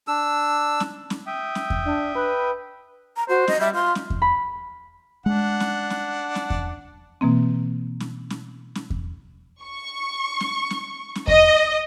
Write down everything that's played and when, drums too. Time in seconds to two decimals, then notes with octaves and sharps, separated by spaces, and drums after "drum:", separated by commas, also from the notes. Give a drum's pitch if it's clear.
0.08 D4 E6
0.80 drum: snare C#4
1.10 drum: snare C#4
1.27 E5 G5 D#6
1.55 drum: snare C#4
1.70 drum: kick E2
1.85 D4
2.15 B4
3.16 A#5
3.29 F#4 C5
3.48 D#5, drum: snare C#4
3.60 G3 E5
3.75 F4 C6
3.95 drum: snare C#4
4.10 drum: kick E2
4.22 B5
5.26 G#3 D4 F#5
5.60 drum: snare C#4
5.90 drum: snare C#4
6.35 drum: snare C#4
6.50 drum: kick E2
7.21 B2 E3 A#3 C4
8.00 drum: snare C#4
8.30 drum: snare C#4
8.75 drum: snare C#4
8.90 drum: kick E2
9.62 C#6
10.40 drum: snare C#4
10.70 drum: snare C#4
11.15 drum: snare C#4
11.28 D#5, drum: kick E2